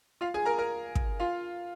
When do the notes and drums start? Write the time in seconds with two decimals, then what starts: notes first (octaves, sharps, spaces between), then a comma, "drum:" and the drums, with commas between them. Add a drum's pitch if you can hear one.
0.21 F4 F5
0.34 G#4 G#5
0.45 A#4 A#5
0.59 A#4 A#5
0.95 drum: kick
1.20 F4 F5